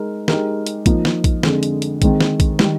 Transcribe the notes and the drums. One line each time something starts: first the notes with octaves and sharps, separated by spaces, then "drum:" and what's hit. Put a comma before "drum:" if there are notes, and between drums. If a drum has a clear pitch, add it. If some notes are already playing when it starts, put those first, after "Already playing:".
Already playing: G#3 D#4 A#4
G#3 D#4 G4 A#4, drum: snare
drum: hi-hat
F3 A#3 D#4, drum: kick A#1, hi-hat
drum: snare
drum: kick A#1, hi-hat
F2 D3 G#3, drum: snare
drum: hi-hat
drum: hi-hat
D#3 G#3 C4, drum: kick A#1, hi-hat
drum: snare
drum: kick A#1, hi-hat
D#3 G3, drum: snare